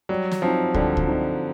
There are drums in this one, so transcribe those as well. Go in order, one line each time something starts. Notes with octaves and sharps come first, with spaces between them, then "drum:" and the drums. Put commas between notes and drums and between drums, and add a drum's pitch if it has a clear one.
F#3 G3
drum: snare
F3 C4 D#4
D3 G3, drum: kick
drum: kick
C4 D#4